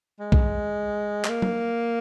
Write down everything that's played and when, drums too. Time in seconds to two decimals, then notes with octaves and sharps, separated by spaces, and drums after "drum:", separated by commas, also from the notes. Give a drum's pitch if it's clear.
0.20 G#3
0.32 drum: kick
1.25 G#3, drum: clap
1.29 A#3
1.42 drum: tom F#3